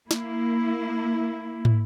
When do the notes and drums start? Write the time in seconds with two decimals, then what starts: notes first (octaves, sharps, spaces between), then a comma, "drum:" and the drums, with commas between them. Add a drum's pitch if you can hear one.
0.11 A#3 E4, drum: snare
1.65 drum: tom